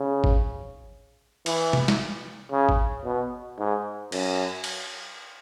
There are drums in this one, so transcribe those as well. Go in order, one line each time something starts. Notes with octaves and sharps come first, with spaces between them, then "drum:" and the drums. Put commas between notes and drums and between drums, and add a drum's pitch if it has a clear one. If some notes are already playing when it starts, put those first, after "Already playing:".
Already playing: C#3
drum: kick G#1
E3, drum: cymbal
drum: tom C3
drum: snare
C#3
drum: kick G#1
B2
G#2
F#2, drum: cymbal
drum: cymbal